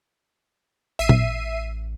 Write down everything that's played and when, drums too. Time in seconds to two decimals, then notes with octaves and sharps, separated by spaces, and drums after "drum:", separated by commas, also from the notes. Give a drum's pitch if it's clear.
0.99 A1 E5 C7 D#7
1.09 drum: tom A#2